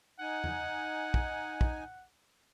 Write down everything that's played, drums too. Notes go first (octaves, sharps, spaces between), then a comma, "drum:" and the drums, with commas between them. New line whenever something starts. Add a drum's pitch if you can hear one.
D#4 F#5 G#5
drum: tom E2
drum: kick
drum: kick